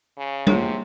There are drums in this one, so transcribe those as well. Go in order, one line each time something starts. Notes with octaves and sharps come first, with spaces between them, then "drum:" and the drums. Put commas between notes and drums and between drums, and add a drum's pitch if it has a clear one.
C#3
C3 A#3 F4 G#4 C#5, drum: tom G3